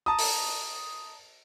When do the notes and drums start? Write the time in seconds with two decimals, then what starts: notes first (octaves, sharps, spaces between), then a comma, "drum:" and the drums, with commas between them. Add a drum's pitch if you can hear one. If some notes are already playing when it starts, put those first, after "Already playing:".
0.06 A5 A#5 D#6
0.19 drum: open hi-hat